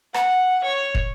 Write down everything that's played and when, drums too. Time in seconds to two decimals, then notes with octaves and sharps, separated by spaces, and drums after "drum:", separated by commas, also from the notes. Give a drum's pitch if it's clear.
0.14 F#5, drum: rim click
0.64 C#5
0.95 drum: kick